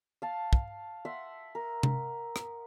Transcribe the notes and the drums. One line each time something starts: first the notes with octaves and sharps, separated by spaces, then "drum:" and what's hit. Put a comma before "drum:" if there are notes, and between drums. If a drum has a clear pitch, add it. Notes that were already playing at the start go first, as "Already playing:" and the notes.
F5 A5
drum: kick
E5 F#5 C6
A#4
drum: tom C3
drum: rim click